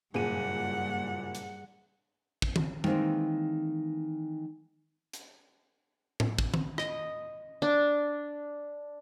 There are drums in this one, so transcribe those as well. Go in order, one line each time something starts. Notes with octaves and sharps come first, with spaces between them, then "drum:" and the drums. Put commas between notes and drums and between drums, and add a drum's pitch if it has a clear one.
F#1 G2 A#2 G#4 F#5 D#7
drum: hi-hat
drum: kick
drum: tom D#3
D#3 E3 G#3 A#3 C4, drum: tom
drum: hi-hat
drum: tom A2
drum: kick
drum: tom D#3
D#5, drum: rim click
D4